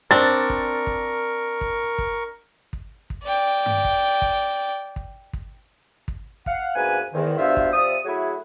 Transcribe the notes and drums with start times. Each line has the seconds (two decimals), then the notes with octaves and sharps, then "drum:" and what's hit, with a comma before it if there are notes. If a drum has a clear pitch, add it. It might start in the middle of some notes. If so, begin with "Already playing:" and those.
0.11 C4 D4 A#4 C#6 A6
0.50 drum: kick
0.87 drum: kick
1.61 drum: kick
1.98 drum: kick
2.73 drum: kick
3.10 drum: kick
3.24 D5 G5
3.66 drum: tom G2
3.85 drum: kick
4.22 drum: kick
4.96 drum: kick
5.33 drum: kick
6.08 drum: kick
6.46 F5 F#5, drum: kick
6.75 D2 G#2 A#3 B3 B4 G#5
7.14 E2 G#2 D#3
7.38 D2 G2 B3 F4 C5 E5
7.57 drum: kick
7.73 C3 F3 D5 E5 D#6
8.05 F#3 A3 E4 F#4 G#4